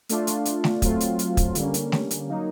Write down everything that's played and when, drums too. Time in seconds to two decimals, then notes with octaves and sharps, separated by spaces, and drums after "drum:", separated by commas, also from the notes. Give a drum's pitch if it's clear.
0.09 A3 D4 F4, drum: hi-hat
0.27 drum: hi-hat
0.45 drum: hi-hat
0.64 drum: snare A3
0.82 F#3 A3 C4 F4, drum: kick, hi-hat
1.00 drum: hi-hat
1.19 drum: hi-hat
1.37 drum: kick, hi-hat
1.55 D3 G3 A#3 C#4, drum: hi-hat
1.74 drum: hi-hat
1.92 drum: snare A3
2.11 drum: hi-hat
2.28 F#3 A#3 D#4